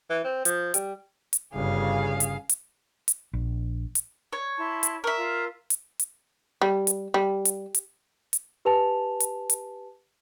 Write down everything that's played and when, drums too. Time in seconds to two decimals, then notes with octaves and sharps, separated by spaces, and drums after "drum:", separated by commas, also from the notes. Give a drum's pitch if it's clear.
0.10 E3
0.25 C4
0.45 F3, drum: hi-hat
0.74 G3, drum: hi-hat
1.33 drum: hi-hat
1.54 G1 C#3 G#4 F5
2.20 drum: hi-hat
2.49 drum: hi-hat
3.08 drum: hi-hat
3.33 A#1
3.95 drum: hi-hat
4.33 C#5
4.58 E4 A5 C6
4.83 drum: hi-hat
5.04 A#4 E5 C#6
5.16 F4
5.70 drum: hi-hat
5.99 drum: hi-hat
6.62 G3
6.87 drum: hi-hat
7.14 G3
7.45 drum: hi-hat
7.74 drum: hi-hat
8.33 drum: hi-hat
8.65 G4 B4 G#5 A5 F7
9.20 drum: hi-hat
9.50 drum: hi-hat